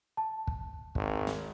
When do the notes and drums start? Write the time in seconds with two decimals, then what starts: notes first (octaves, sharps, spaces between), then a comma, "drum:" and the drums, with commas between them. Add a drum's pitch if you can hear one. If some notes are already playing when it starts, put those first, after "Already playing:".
0.17 A5
0.47 drum: kick
0.95 G#1, drum: kick
1.27 drum: snare